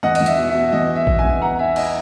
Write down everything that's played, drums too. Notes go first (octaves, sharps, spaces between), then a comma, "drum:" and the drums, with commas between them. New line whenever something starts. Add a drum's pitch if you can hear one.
E2 D#5 F#5
D#5, drum: cymbal
E2
E5, drum: hi-hat
B2
E5
B2
E2 D#5
B2
E5
B2, drum: kick A#1
E5 G#5
E2
B3 F#5 A#5
B3 E5 G#5
E4 D#5 F#5, drum: cymbal